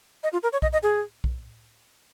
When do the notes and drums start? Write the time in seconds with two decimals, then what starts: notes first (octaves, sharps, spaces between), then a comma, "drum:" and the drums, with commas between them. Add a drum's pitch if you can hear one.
0.23 D#5
0.33 F4
0.43 A#4
0.53 C#5
0.62 D#5, drum: kick B1
0.73 D#5
0.83 G#4
1.24 drum: kick B1